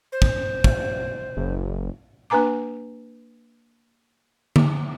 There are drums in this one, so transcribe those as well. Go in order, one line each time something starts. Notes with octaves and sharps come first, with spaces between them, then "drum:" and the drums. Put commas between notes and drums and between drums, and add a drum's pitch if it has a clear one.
C5
drum: kick
drum: kick
F#1
A#3 D4 B4 G#5 A#5 D6
drum: tom D3